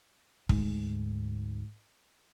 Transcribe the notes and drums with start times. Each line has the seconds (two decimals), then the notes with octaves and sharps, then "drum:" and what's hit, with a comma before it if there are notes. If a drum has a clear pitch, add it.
0.49 D2 G#2, drum: kick